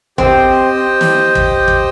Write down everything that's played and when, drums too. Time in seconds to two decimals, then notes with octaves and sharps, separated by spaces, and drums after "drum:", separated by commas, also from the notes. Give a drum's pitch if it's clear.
0.18 C4 G4 C5 D#5 G5, drum: kick
1.01 drum: snare
1.35 drum: kick
1.68 drum: kick